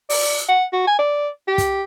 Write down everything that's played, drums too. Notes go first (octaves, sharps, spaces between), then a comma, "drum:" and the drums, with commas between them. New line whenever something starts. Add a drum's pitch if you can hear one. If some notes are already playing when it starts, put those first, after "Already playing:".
D5, drum: open hi-hat
F#5
F#4
G#5
D5
G4
drum: kick, hi-hat